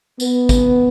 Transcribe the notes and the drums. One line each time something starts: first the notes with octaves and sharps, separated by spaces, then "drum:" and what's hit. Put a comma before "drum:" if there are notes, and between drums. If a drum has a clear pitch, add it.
B3, drum: tambourine
drum: kick, tambourine